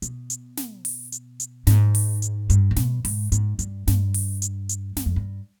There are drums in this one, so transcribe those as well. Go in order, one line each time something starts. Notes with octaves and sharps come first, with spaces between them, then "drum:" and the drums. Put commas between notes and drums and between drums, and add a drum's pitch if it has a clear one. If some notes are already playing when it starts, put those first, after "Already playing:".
B2, drum: hi-hat
drum: hi-hat
drum: snare
drum: open hi-hat
drum: hi-hat
drum: hi-hat
G#2, drum: snare
drum: open hi-hat
drum: hi-hat
G2, drum: hi-hat
G#2
B2, drum: snare
G#2, drum: open hi-hat
G#2, drum: hi-hat
G2, drum: hi-hat
G2, drum: snare
drum: open hi-hat
drum: hi-hat
drum: hi-hat
G2, drum: snare
F2
G2